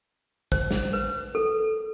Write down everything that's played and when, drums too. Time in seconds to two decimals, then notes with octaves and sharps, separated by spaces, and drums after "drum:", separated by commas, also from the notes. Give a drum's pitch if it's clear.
0.52 C5, drum: kick
0.71 drum: snare
0.93 B4
1.35 A4